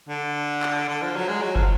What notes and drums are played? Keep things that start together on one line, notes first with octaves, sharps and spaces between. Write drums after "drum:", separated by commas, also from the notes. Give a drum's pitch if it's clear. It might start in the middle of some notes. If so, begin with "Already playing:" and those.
D3
drum: clap
D3
F3
F#3
G#3
F#3
F3, drum: kick